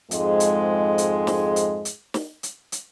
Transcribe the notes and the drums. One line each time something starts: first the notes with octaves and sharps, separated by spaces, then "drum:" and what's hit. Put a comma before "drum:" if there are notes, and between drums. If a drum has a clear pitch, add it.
F2 G#2 G#3, drum: hi-hat
drum: hi-hat
drum: hi-hat
drum: snare
drum: hi-hat
drum: hi-hat
drum: snare
drum: hi-hat
drum: hi-hat